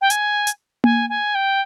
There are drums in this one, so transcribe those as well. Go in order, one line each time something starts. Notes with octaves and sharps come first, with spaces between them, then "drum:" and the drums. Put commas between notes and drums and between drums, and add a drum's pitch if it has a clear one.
G5
G#5, drum: hi-hat
drum: hi-hat
G#5, drum: tom A#3
G#5
G5